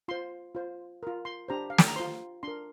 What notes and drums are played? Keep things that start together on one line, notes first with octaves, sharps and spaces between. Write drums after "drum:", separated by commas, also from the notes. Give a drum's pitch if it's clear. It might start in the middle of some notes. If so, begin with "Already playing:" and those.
F4 C5 C6
F4 C5
F4 A#4
C6
D4 G4 C5 A#5
F5
G5, drum: snare
A#5
F4 C5 C6
D4 A#4 C6